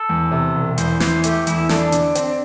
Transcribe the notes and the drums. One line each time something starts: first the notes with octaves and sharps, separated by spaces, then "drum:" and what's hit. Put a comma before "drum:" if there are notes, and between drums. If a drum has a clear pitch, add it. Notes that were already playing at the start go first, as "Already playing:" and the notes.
Already playing: A4
E2
C3
E1
E2 C5, drum: hi-hat
E3 C5, drum: snare
A3 G4, drum: hi-hat
E2 E4, drum: hi-hat
D4 A4, drum: snare
D3, drum: hi-hat
C4, drum: hi-hat